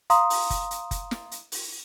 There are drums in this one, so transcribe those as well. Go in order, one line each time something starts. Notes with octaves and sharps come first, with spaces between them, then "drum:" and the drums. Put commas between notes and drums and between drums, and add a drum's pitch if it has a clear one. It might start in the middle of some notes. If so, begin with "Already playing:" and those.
F5 A#5 C6 D#6, drum: hi-hat
drum: open hi-hat
drum: kick F#1, hi-hat
drum: hi-hat
drum: kick F#1, hi-hat
drum: snare
drum: hi-hat
drum: open hi-hat